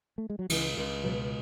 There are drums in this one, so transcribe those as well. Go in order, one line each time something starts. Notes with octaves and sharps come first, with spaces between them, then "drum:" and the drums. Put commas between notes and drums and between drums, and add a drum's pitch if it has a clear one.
A3
G#3
F#3
C#2 E3, drum: cymbal
C#2
B2 F#3